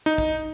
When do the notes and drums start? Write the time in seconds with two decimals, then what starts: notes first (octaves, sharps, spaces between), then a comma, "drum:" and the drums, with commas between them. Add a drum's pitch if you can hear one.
0.06 D#4
0.18 drum: kick